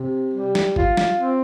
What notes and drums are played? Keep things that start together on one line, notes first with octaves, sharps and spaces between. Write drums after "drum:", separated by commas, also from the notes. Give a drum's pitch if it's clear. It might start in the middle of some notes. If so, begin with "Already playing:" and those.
Already playing: C3
G3
drum: snare
F4, drum: kick
drum: snare
C4